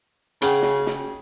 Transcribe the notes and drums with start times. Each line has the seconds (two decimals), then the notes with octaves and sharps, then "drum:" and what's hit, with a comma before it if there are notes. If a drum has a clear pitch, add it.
0.42 C#3 G#4 F#5 G5, drum: hi-hat
0.62 drum: snare
0.87 drum: snare